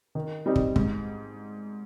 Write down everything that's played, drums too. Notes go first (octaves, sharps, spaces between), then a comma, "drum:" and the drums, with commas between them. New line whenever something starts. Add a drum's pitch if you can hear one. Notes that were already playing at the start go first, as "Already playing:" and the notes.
D#3
G3 C4 D#4
drum: kick
G#2, drum: kick